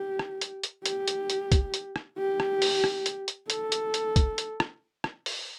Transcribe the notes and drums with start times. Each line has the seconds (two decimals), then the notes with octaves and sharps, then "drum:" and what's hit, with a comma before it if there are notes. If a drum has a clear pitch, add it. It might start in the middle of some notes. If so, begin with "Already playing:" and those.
Already playing: G4
0.19 drum: rim click
0.41 drum: hi-hat
0.63 drum: hi-hat
0.86 G4, drum: hi-hat
1.08 drum: hi-hat
1.30 drum: hi-hat
1.52 drum: kick, hi-hat
1.74 drum: hi-hat
1.96 drum: rim click
2.18 G4
2.40 drum: rim click
2.62 drum: open hi-hat
2.84 drum: rim click
3.06 drum: hi-hat
3.28 drum: hi-hat
3.50 A4, drum: hi-hat
3.72 drum: hi-hat
3.94 drum: hi-hat
4.16 drum: kick, hi-hat
4.38 drum: hi-hat
4.60 drum: rim click
5.04 drum: rim click
5.26 drum: open hi-hat